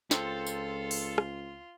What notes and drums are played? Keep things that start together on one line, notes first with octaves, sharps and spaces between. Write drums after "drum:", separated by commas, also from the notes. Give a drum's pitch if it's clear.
C#2 C4 F4 A4, drum: snare
drum: tambourine
drum: open hi-hat
drum: rim click